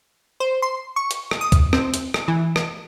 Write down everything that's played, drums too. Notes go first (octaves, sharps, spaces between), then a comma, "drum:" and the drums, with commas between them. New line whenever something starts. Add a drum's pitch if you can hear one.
C5
C6
C#6
drum: hi-hat
drum: rim click
D#6
drum: kick C#2, hi-hat
C4, drum: rim click
drum: hi-hat
drum: rim click
E3
drum: rim click